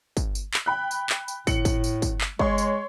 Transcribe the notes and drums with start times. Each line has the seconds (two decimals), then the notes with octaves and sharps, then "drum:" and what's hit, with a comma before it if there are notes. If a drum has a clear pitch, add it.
0.17 drum: kick, tambourine
0.35 drum: tambourine
0.54 drum: clap
0.66 G5 B5 F#6
0.91 drum: tambourine
1.09 drum: clap
1.28 drum: tambourine
1.47 A2 C#7 F#7, drum: kick, tambourine
1.65 drum: kick, tambourine
1.84 drum: tambourine
2.02 drum: kick, tambourine
2.21 drum: clap
2.39 G#3 C#5 C6, drum: kick
2.58 drum: tambourine